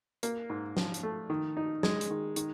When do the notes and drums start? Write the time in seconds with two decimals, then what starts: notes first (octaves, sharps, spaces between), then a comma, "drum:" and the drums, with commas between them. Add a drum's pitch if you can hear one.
0.23 A#3, drum: hi-hat
0.50 G#2
0.77 F3, drum: snare
0.94 drum: hi-hat
1.03 A3
1.30 D#3
1.57 D#4
1.83 G#3, drum: snare
2.01 drum: hi-hat
2.10 D#3
2.36 D#3, drum: hi-hat